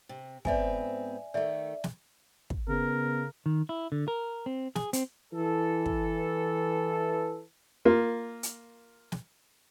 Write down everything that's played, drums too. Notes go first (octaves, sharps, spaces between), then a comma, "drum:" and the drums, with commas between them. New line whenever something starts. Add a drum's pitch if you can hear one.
C3
G#2 B3 C4 D5 E5 G#5, drum: kick
D#3 A3 D5 E5
drum: snare
drum: kick
C#3 B3 A#4
D#3
E4
D3
A#4
C4
G#4, drum: snare
C4, drum: hi-hat
E3 A4
drum: kick
A#3 F4
drum: hi-hat
drum: snare